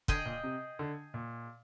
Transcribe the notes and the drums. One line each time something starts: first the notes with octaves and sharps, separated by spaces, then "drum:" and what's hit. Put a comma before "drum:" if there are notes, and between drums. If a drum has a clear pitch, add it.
D3 G#4 D#5 G5, drum: kick
A#2
C3
D3
A#2